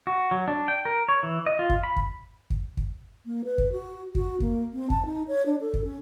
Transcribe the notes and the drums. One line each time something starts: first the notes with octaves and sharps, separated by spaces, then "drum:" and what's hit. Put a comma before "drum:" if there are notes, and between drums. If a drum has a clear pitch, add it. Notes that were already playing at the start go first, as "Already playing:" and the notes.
F#4
F#3
D4
G5
A#4
C#5
E3
D#5
F4
drum: kick
B5
drum: kick
drum: kick
drum: kick
A#3
B4
drum: kick
F#4
F#4, drum: kick
A#3, drum: kick
C4
A5, drum: kick
D#4
C#5
D4
A4
drum: kick
C#4